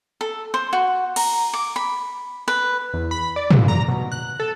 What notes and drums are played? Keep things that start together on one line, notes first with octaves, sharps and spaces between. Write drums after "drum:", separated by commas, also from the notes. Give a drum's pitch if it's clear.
A4
C5
F#4
A#5, drum: cymbal
D6
B5
B4
E2
B5
D5
A#2, drum: tom
A#5
B2
F#6
A4